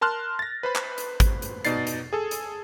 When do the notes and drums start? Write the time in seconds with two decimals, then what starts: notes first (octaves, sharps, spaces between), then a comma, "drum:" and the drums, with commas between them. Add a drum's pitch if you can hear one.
0.01 A#4 A5 C6 F6 F#6
0.39 A6 A#6
0.63 B4 C5 B5
0.76 drum: clap
0.98 drum: hi-hat
1.20 drum: kick, hi-hat
1.42 drum: hi-hat
1.65 B2 D#4 D5 A6 C7, drum: hi-hat
1.87 drum: hi-hat
2.13 G#4 A4
2.31 drum: hi-hat